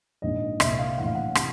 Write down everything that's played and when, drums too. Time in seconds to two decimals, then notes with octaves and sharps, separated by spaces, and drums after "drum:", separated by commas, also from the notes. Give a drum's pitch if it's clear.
0.22 A#1 G#2 D#3 D#5
0.60 C2 A#2 E5, drum: rim click
0.79 F5
0.98 A#1 A2 E3 F#5
1.06 F5
1.15 F#5
1.35 C3 E3 A5, drum: rim click